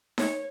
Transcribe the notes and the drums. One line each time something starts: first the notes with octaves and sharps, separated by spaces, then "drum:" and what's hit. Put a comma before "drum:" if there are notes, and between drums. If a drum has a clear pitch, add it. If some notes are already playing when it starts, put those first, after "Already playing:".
C#5, drum: snare D#4